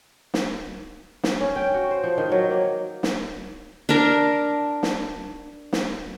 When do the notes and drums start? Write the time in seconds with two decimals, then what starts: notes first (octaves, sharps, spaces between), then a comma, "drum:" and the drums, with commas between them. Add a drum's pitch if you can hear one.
0.34 drum: snare
1.23 drum: snare
1.41 C#4
1.56 G5
1.74 F#4
1.91 C5
2.03 F3
2.18 D#3
2.32 F#3
2.51 A#3
3.03 drum: snare
3.89 D4 A#4
4.83 drum: snare
5.73 drum: snare